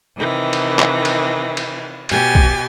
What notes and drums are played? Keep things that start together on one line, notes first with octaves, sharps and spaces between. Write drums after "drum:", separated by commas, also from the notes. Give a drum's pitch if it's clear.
C3 D#3 E3
drum: cymbal
drum: clap
drum: cymbal
drum: cymbal
B2 B3 G4 G#5 A6, drum: cymbal
drum: kick B1